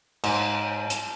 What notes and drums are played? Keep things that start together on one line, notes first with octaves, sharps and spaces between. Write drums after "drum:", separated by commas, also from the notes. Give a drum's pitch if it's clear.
G#2, drum: cymbal
drum: hi-hat